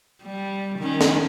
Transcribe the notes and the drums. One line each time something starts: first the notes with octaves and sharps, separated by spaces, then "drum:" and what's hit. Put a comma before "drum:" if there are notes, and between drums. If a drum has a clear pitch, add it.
G3
D#3 C#4
drum: snare